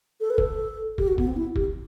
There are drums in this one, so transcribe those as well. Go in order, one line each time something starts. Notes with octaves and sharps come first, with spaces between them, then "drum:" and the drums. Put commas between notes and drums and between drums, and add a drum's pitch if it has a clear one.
A4
B4
A4, drum: kick
G4, drum: kick
F#4
B3, drum: kick
C4
E4
G4, drum: kick